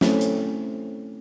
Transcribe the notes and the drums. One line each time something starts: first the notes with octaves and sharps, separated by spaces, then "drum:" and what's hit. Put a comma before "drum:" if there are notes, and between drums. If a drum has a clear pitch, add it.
A3 C4 C#4 E4, drum: snare
drum: hi-hat